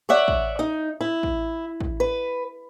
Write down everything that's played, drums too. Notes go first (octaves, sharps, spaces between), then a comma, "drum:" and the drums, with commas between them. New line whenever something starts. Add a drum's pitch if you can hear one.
C#5 D5 E5 F#5
drum: kick
D#4
E4
drum: kick
drum: kick
B4